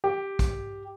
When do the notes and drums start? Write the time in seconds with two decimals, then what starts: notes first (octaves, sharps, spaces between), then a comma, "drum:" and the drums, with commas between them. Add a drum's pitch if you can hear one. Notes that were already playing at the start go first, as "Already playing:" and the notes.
0.04 G4
0.39 drum: kick, hi-hat